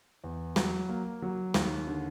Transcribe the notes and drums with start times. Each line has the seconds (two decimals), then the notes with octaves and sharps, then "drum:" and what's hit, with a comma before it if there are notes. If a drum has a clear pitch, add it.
0.24 E2
0.56 F#3, drum: snare
0.89 A#3
1.22 F#3
1.54 D#2, drum: snare
1.88 D3